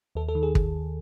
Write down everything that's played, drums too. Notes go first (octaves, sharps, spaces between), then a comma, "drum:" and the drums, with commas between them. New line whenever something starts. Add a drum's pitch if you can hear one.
D#2 A4
A4
D#3
G#4
drum: kick